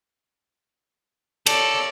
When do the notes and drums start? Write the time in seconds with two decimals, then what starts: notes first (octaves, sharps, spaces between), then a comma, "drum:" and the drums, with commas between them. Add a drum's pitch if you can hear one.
1.47 A4 C#5 D5, drum: cymbal